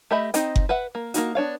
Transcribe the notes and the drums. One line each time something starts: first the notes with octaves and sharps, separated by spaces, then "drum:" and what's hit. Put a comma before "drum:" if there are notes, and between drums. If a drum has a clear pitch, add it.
A3 G4 D#5 E5 B5
C4 D#4 D#5 G5, drum: hi-hat
drum: kick F#1
B4 E5 F#5
A#3
A#3 C#4 D#4 F#4, drum: hi-hat
B3 D4 C#5 F5